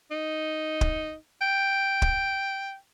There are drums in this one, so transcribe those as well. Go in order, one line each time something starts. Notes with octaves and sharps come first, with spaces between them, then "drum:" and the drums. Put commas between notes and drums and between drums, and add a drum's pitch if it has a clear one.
D#4
drum: kick
G5
drum: kick